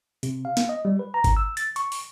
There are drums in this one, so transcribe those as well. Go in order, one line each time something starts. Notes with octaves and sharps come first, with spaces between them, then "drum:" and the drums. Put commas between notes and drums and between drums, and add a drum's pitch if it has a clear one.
C3, drum: hi-hat
F5
drum: snare
D#5
G3
B4
A#5
drum: kick G1, hi-hat
E6
A6, drum: hi-hat
C#6, drum: hi-hat
drum: open hi-hat